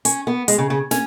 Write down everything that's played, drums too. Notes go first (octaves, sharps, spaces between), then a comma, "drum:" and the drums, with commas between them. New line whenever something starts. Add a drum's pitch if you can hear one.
C#4, drum: hi-hat
B3
G#3, drum: hi-hat
C#3
C#3
C#4, drum: snare